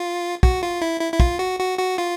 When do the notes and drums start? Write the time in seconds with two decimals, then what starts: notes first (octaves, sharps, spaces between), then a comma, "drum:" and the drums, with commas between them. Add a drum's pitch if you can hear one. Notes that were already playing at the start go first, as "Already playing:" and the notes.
Already playing: F4
0.43 F#4, drum: kick
0.63 F4
0.82 E4
1.01 E4
1.13 E4
1.20 F4, drum: kick
1.39 F#4
1.60 F#4
1.78 F#4
1.98 F4